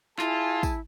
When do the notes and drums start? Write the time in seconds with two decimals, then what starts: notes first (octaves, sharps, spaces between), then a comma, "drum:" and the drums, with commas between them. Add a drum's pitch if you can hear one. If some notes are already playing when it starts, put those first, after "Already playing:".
0.19 E4 F4 G#4 G#5 A5, drum: clap
0.63 drum: kick, tambourine